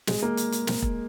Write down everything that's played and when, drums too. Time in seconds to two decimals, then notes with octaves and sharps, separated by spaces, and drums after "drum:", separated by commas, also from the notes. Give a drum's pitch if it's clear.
0.07 G#3, drum: snare
0.22 A#3
0.37 drum: hi-hat
0.52 drum: hi-hat
0.67 drum: snare
0.82 drum: kick E1